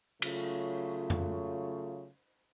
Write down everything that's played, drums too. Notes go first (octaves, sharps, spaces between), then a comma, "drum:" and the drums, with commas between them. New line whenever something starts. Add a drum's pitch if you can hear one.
C#3 F#3 A3 F4, drum: cymbal
drum: tom F2